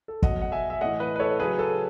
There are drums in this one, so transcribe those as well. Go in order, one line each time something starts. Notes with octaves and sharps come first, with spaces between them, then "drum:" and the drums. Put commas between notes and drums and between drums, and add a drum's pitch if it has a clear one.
A4
B2 F#3 D#5 F#5, drum: kick
F#5
E5 G#5
E5
A2 E3 D#5 F#5
B4 D#5
B4
A4 C#5
C#3 F#3 G#4 B4
A4